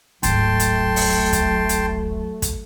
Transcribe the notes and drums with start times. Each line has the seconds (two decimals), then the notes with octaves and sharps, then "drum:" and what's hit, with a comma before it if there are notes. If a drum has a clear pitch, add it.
0.23 D1 G#1 F#3 A3 G5 A5 C6, drum: hi-hat
0.60 drum: hi-hat
0.96 drum: open hi-hat
1.33 drum: kick, hi-hat
1.69 drum: hi-hat
2.42 drum: kick, hi-hat